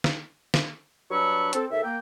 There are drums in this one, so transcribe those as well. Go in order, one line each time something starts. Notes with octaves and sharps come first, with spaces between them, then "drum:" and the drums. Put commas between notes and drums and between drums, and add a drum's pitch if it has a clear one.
drum: snare
drum: snare
G2 F#3 D4 B5 C#6 E6
C4 A4, drum: hi-hat
D#2 G#2 A4 E5
A#3 G5